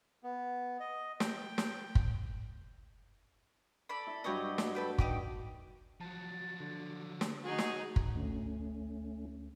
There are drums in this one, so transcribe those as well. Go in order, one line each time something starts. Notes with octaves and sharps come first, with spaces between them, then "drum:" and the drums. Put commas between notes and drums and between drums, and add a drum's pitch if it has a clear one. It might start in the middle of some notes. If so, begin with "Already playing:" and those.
B3
D#5
G5, drum: snare
drum: snare
drum: kick
A4 D5 B5
E4
G2 F#3 D4 G4 C#5 D#5
drum: snare
A4 B4 G5
D#4 G4 D6, drum: kick
F3 F#3 A5
D3
drum: snare
D#4 F#4 G#4
drum: snare
drum: kick
D2 A3 C#4